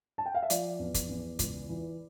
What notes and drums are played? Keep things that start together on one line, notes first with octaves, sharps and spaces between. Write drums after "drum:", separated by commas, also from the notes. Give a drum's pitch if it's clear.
A5
G5
F5
E5
F3 D5, drum: hi-hat
E2
drum: kick, hi-hat
E2
C#2, drum: kick, hi-hat
E3